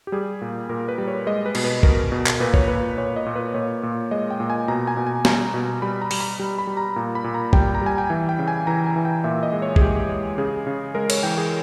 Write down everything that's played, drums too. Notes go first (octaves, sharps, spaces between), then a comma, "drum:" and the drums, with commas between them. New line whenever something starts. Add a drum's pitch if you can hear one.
G4
G3 G#4
A#2
A#2 A#4
B4
G3
C#5
G#3 D#5
B4
B2, drum: cymbal
B4
B2 A#4, drum: kick
B2
drum: clap
A#2 B4
C#5, drum: kick
A#2 B4
A#2 C#5
D#5
A#2
B4
A#2 C#5
A#2
G#3 D#5
G5
A#2
G#5
B2 A#5
G#5
B2
G#5
G3 A#5, drum: snare
B2
G3 B5
A#5
G3, drum: open hi-hat
B5
G3
B5
G3
A#5
A#2
B5
A#2
A#5
G3 G5, drum: kick
A#5
G3 G#5
G5
E3 E5
G5
C#3
G#5
E3 A#5
G#5
E3
G5
A#2 E5
D#5
G#3
C#5
G#4, drum: kick
G#3 G4
G#3
C#3 G#4
C#3
G#3 A#4
C#5, drum: cymbal
E3 G5
G#4